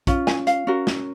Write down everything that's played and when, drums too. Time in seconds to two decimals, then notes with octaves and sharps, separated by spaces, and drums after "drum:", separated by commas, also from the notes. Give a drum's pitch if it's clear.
0.07 C#4 F4, drum: kick, hi-hat
0.27 G#5, drum: snare
0.47 F5, drum: hi-hat
0.67 C#4 F#4 A#4
0.87 drum: snare